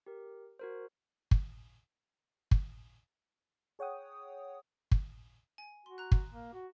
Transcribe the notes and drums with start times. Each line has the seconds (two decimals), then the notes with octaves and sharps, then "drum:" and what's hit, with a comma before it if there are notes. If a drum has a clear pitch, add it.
0.06 G4 A#4
0.59 F#4 A#4 C5
1.31 drum: kick
2.51 drum: kick
3.79 G#4 C#5 F#5 G5 D#6
4.91 drum: kick
5.58 G#5
5.86 F#4 C6
5.98 A#5 F#6
6.12 drum: kick
6.32 A#3
6.54 F#4